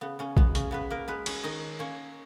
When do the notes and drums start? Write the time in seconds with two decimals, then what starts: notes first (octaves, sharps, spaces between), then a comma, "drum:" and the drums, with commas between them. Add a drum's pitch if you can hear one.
0.01 C#3 B3
0.19 C#3 C#4
0.37 G#3 B3, drum: kick
0.55 C#3 C#4, drum: hi-hat
0.71 C#3 B3 B4
0.90 A#3 A#4
1.08 G#3 B3 B4
1.26 C#4 C#5, drum: cymbal
1.43 D#3 D#4 D#5
1.79 A#3 C#4 C#5